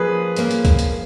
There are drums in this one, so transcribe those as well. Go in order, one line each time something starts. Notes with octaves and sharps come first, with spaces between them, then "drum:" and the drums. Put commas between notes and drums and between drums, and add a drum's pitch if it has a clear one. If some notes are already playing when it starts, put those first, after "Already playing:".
Already playing: F3 A#3 C#4 G#4 B4
F3 A#3 C#4, drum: hi-hat
drum: hi-hat
drum: kick, hi-hat
drum: hi-hat